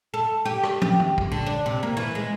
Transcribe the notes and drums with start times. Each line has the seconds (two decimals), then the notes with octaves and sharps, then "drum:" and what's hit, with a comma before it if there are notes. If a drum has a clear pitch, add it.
0.14 A4
0.45 G4
0.64 drum: rim click
0.82 G4, drum: tom
1.00 drum: tom
1.18 drum: kick
1.32 D3
1.46 D4
1.66 C3
1.83 A#3
1.97 E3
2.15 G#3